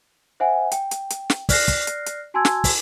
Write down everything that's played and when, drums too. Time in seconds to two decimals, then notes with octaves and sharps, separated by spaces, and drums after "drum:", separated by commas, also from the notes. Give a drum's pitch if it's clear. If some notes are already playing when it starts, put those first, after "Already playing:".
0.40 C5 E5 F#5 G#5
0.72 G5, drum: hi-hat
0.91 drum: hi-hat
1.10 drum: hi-hat
1.30 drum: snare
1.49 D5 F6 F#6 A#6 C7, drum: kick, open hi-hat
1.68 drum: kick, hi-hat
1.87 drum: hi-hat
2.06 drum: hi-hat
2.34 F#4 G#5 A5 C6 E6 G#6
2.45 drum: snare
2.64 drum: kick, open hi-hat